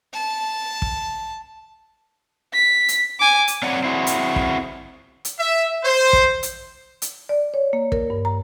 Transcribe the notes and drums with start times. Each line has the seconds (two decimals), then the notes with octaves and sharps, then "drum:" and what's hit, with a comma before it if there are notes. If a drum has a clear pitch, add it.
0.13 A5
0.82 drum: kick
2.53 B6
2.89 drum: hi-hat
3.20 G#5 D6
3.48 drum: hi-hat
3.63 F#3 C4 C#5 D5 F#5 G#5
3.84 C4 E4 F#4 G#4
4.07 drum: hi-hat
4.36 drum: kick
5.25 drum: hi-hat
5.39 E5
5.84 C5
6.13 drum: kick
6.43 drum: hi-hat
7.02 drum: hi-hat
7.29 D5
7.54 C#5
7.73 A#3
7.92 A#4, drum: kick
8.10 G2
8.25 A#5